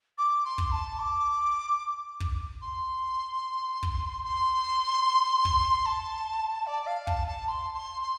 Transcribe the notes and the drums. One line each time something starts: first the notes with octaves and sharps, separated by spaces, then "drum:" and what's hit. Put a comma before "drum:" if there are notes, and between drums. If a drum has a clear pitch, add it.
D6
C6
drum: kick
A5
D6
drum: kick
C6
drum: kick
C6
drum: kick
A5
D5
F5
A5, drum: kick
A5
C6
C6
C6